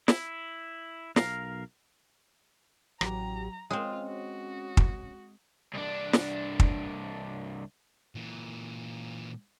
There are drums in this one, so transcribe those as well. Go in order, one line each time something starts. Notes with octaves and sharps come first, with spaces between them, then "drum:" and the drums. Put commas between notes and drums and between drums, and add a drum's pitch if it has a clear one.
E4, drum: snare
B1 A#4 F5, drum: snare
A1 F#3 G4 A#5, drum: rim click
G#3 C4 C#4 F4 D#6
F#4
drum: kick
C2 D4
drum: snare
drum: kick
A#2 E3